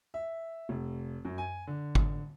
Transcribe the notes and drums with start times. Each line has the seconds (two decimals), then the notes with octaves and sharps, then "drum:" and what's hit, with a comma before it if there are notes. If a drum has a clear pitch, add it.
0.14 E5
0.69 F1
1.25 F#2
1.38 G#5
1.67 D3
1.95 drum: kick G1